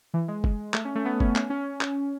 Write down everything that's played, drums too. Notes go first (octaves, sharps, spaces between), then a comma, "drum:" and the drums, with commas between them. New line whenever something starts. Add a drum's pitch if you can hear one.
E3
G#3
drum: kick
A3, drum: clap
C#4
A3
B3
C#4, drum: kick
C#4, drum: clap
C#4
drum: clap